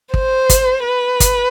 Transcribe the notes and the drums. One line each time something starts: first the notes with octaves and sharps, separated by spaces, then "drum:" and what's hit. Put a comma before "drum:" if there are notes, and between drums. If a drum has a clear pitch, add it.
C5, drum: kick
drum: kick, hi-hat
B4
drum: kick, hi-hat